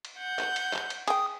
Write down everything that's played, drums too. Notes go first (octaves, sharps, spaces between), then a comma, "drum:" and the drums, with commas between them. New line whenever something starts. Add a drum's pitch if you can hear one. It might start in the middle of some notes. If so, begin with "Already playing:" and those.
drum: cymbal
F#5 G6
drum: clap
drum: cymbal
drum: clap
drum: cymbal
G#4 G5 D#6, drum: cymbal